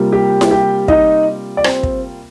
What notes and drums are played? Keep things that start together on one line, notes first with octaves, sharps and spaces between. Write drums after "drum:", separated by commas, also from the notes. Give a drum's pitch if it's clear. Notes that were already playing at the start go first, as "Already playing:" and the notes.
Already playing: C3 G3 A#3 F4
G4 G5
drum: snare E4
G4 G5
D#4 D#5, drum: kick
D5
C4 C5, drum: rim click
drum: kick